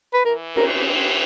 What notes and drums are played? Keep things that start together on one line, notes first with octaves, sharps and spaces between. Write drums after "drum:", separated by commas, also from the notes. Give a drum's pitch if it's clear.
B4
E3 A#4
A#4, drum: cymbal